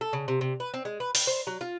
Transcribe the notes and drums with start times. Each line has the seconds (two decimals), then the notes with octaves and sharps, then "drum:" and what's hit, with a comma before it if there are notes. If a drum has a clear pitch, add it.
0.01 A4
0.13 C#3
0.28 C3
0.41 C3
0.60 B4
0.74 C4
0.85 G#3
1.00 B4
1.15 G5, drum: open hi-hat
1.27 C5
1.47 F#3
1.61 F4